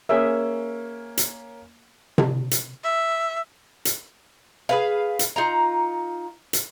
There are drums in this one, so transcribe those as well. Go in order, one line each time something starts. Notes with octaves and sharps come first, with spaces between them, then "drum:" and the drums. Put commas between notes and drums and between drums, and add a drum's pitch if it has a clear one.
A#3 C#4 G#4 E5
drum: hi-hat
drum: tom C3
drum: hi-hat
E5
drum: hi-hat
G#4 B4 F5
drum: hi-hat
D#4 F4 A#5
drum: hi-hat